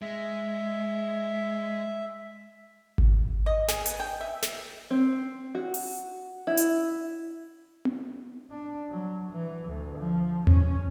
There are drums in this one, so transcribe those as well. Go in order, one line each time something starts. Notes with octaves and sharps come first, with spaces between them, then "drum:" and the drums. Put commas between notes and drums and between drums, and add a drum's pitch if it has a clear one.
G#3 E5
drum: kick G#1
D#5
G#4, drum: snare
B3, drum: hi-hat
G5
E5
drum: snare
C4
F#4
drum: open hi-hat
E4
drum: hi-hat
drum: tom B3
D4
F#3
E3
D2
F3
C#4, drum: tom E2